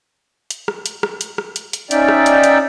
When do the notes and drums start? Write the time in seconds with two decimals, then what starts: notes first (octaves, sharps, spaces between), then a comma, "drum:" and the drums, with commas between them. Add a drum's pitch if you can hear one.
0.50 drum: hi-hat
0.68 drum: rim click
0.86 drum: hi-hat
1.03 drum: rim click
1.21 drum: hi-hat
1.38 drum: rim click
1.56 drum: hi-hat
1.73 drum: hi-hat
1.91 C#4 D#4 D5 E5 G5, drum: hi-hat
2.08 drum: rim click
2.26 drum: hi-hat
2.44 drum: hi-hat